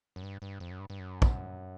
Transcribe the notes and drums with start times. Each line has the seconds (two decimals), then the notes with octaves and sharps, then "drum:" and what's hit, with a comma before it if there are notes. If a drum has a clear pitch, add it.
0.16 F#2
0.23 G2
0.42 G2
0.60 F2
0.71 F#2
0.79 G2
0.90 G2
0.99 F#2
1.22 drum: kick